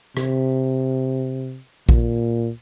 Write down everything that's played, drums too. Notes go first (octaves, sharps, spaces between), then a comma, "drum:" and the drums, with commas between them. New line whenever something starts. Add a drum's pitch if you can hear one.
C3, drum: rim click
A#2, drum: kick A#1